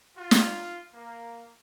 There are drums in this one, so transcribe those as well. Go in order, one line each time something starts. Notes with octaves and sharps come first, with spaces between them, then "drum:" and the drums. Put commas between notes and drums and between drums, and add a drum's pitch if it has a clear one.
F4
drum: snare
A#3